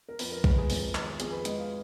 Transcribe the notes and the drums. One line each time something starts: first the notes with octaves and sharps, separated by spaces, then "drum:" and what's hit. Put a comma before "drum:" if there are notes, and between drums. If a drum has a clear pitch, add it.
A#4
F2 B4, drum: open hi-hat
A#4
G#3 B4, drum: kick B1
G#4
F2, drum: open hi-hat
D#3, drum: clap
F2 G#4, drum: hi-hat
B4
G#3 D#5, drum: hi-hat
F5